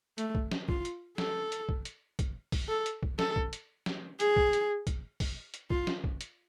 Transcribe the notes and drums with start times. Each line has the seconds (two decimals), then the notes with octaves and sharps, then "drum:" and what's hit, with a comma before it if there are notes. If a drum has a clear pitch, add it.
0.18 A3, drum: hi-hat
0.35 drum: kick
0.51 drum: snare
0.68 F4, drum: kick
0.85 drum: hi-hat
1.18 A4, drum: snare
1.52 drum: hi-hat
1.69 drum: kick
1.85 drum: hi-hat
2.19 drum: kick, hi-hat
2.52 drum: kick, open hi-hat
2.69 A4
2.86 drum: hi-hat
3.03 drum: kick
3.19 A4, drum: snare
3.36 drum: kick
3.53 drum: hi-hat
3.86 drum: snare
4.20 G#4, drum: hi-hat
4.36 drum: kick
4.53 drum: hi-hat
4.87 drum: kick, hi-hat
5.20 drum: kick, open hi-hat
5.54 drum: hi-hat
5.70 F4, drum: kick
5.87 drum: snare
6.04 drum: kick
6.21 drum: hi-hat